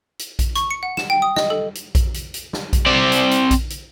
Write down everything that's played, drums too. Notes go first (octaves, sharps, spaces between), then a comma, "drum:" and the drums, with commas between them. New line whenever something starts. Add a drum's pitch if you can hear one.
drum: hi-hat
drum: kick A#1, hi-hat
C#6, drum: hi-hat
C#7
F#5
E7, drum: snare
G5
D#6
D#5, drum: snare
A4
drum: hi-hat
drum: kick A#1, hi-hat
drum: hi-hat
drum: hi-hat
drum: snare
drum: kick A#1, hi-hat
C4 D5
drum: hi-hat
drum: hi-hat
drum: kick A#1, hi-hat
drum: hi-hat